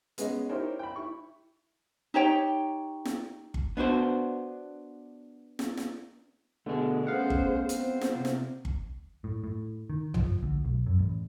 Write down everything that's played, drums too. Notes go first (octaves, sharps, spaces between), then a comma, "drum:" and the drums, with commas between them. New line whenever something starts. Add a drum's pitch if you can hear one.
G#3 B3 C#4 G#4 D#5, drum: hi-hat
D#4 E4 G4 A#4 C5 C#5
G5 B5
E4 C#6
D#4 G4 C#5 G5
drum: snare
drum: kick G1
B3 D4 F#4 C5
drum: snare
drum: snare
B2 D3 A3 G#4
B3 C#4 C5 F5 F#5
drum: kick G1
C4 C5, drum: hi-hat
drum: snare
C3
drum: snare
drum: kick G1
A2
A2
D#3
F3, drum: tom A#1
D2
B1
F#2
A1